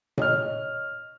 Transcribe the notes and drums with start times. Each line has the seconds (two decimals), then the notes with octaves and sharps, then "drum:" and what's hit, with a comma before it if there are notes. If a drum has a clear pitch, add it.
0.18 C#5 D#5 F6, drum: tom A#2